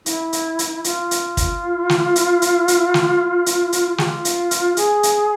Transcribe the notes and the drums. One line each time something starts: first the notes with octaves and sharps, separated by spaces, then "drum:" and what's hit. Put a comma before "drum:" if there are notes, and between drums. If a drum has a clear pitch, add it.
E4, drum: hi-hat
drum: hi-hat
drum: hi-hat
F4, drum: hi-hat
drum: hi-hat
drum: kick, hi-hat
drum: snare
drum: hi-hat
drum: hi-hat
drum: hi-hat
drum: snare
drum: hi-hat
drum: hi-hat
G#4, drum: snare
F4
drum: hi-hat
drum: hi-hat
G#4, drum: hi-hat
drum: hi-hat